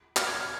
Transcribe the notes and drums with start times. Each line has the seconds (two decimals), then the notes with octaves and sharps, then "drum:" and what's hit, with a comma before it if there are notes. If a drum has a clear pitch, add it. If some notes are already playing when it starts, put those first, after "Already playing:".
0.16 F6, drum: clap
0.27 G#6
0.36 F6